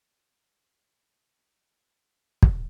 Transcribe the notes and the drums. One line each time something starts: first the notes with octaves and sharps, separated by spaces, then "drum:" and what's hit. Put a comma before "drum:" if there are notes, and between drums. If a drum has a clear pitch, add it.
C5 F#5
drum: kick